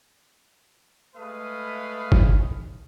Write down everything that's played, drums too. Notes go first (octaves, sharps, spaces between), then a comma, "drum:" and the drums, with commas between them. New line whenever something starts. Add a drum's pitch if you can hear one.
G#3 A3 B4 F5 B5 D#6
drum: kick G1